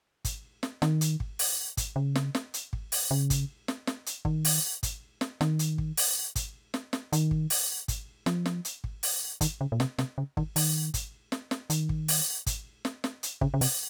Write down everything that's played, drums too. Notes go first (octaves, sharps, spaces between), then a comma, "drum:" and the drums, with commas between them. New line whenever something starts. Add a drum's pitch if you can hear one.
drum: kick G#1, hi-hat
drum: snare
D#3, drum: snare
drum: hi-hat
drum: kick G#1
drum: open hi-hat
drum: kick G#1, hi-hat
C#3
drum: snare
drum: snare
drum: hi-hat
drum: kick G#1
drum: open hi-hat
C#3
drum: kick G#1, hi-hat
drum: snare
drum: snare
drum: hi-hat
D#3, drum: kick G#1
drum: open hi-hat
drum: kick G#1, hi-hat
drum: snare
D#3, drum: snare
drum: hi-hat
drum: kick G#1
drum: open hi-hat
drum: kick G#1, hi-hat
drum: snare
drum: snare
D#3, drum: hi-hat
drum: kick G#1
drum: open hi-hat
drum: kick G#1, hi-hat
F3, drum: snare
drum: snare
drum: hi-hat
drum: kick G#1
drum: open hi-hat
D#3, drum: kick G#1, hi-hat
C#3
A#2
C3, drum: snare
C3, drum: snare
C#3
D#3, drum: kick G#1
D#3, drum: open hi-hat
drum: kick G#1, hi-hat
drum: snare
drum: snare
D#3, drum: hi-hat
drum: kick G#1
drum: open hi-hat
drum: kick G#1, hi-hat
drum: snare
drum: snare
drum: hi-hat
C#3, drum: kick G#1
C#3
C3, drum: open hi-hat